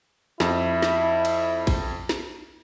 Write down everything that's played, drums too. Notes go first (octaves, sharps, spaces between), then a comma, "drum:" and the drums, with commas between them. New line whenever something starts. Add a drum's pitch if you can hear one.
F2 E4, drum: snare
drum: snare
drum: cymbal
drum: kick, cymbal
drum: snare